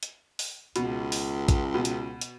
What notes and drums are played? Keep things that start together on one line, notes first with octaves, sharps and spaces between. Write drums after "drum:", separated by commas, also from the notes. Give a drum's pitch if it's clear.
drum: hi-hat
drum: open hi-hat
C#2 B2, drum: hi-hat
drum: open hi-hat
drum: kick, hi-hat
B2
drum: hi-hat
drum: hi-hat